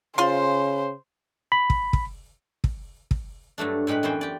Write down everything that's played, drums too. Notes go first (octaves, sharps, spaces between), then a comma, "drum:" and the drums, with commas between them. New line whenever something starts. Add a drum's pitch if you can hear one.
C#3 F4 C5 C6
B5
drum: kick
drum: kick
drum: kick
drum: kick
G2 F#3 A3 D4
A2 G3 G#3 B4 B5
F#2 E3 B3 C#4 C5 G5
G4 D5